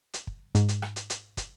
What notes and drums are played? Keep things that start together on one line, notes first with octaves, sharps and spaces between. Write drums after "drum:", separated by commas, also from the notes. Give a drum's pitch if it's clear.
drum: hi-hat
drum: kick
G#2, drum: hi-hat
drum: hi-hat
drum: rim click
drum: hi-hat
drum: hi-hat
drum: kick, hi-hat